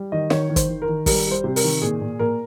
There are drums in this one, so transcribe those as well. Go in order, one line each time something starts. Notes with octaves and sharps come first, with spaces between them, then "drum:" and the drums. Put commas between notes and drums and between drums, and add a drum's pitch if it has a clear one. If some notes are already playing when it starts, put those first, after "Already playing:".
Already playing: G3
D#3 D#5
D#3 C#5, drum: snare
D#3
C5, drum: kick, hi-hat
D#3
A#4
D#3
G3 A#4, drum: kick, open hi-hat
G3
C5
C3
A#4, drum: open hi-hat
D#3
A#2 G#4
A#2
A#2 A#4